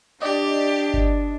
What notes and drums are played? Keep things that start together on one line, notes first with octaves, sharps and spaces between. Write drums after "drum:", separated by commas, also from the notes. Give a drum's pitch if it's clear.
D4 G4 D5 D#5
drum: kick G1